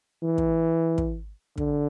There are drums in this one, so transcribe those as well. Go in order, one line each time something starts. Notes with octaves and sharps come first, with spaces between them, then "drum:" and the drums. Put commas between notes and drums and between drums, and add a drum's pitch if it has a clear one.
E3
drum: kick
drum: kick
D3, drum: kick